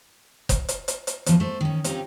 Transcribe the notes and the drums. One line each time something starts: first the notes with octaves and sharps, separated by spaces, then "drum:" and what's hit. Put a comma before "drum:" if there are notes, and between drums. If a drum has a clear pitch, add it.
drum: kick F#1, hi-hat
drum: hi-hat
drum: hi-hat
drum: hi-hat
E2 F3, drum: hi-hat
A3 C5
D#3 C#4
C4 C#4 D#4 F4 G4, drum: hi-hat